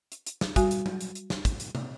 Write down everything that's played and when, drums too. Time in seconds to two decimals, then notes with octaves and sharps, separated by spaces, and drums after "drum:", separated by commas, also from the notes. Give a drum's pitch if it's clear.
0.12 drum: hi-hat
0.26 drum: hi-hat
0.41 drum: snare
0.56 G3 F#4 G#5, drum: kick, hi-hat
0.71 drum: hi-hat
0.86 drum: tom F#3
1.01 drum: hi-hat
1.15 drum: hi-hat
1.30 drum: snare
1.45 drum: kick, hi-hat
1.60 drum: hi-hat
1.75 drum: tom C3